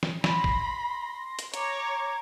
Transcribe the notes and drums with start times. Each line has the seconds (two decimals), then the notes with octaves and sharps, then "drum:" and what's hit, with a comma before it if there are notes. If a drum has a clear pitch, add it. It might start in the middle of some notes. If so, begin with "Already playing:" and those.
0.03 drum: snare
0.24 B5 C6 A#6, drum: snare
0.44 drum: kick
1.39 drum: hi-hat
1.54 C#5 A#5 D6 G#6, drum: hi-hat